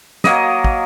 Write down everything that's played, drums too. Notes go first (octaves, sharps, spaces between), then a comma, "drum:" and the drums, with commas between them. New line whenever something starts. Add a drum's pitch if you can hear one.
F#3 A#3 A#4 D#5, drum: snare
drum: kick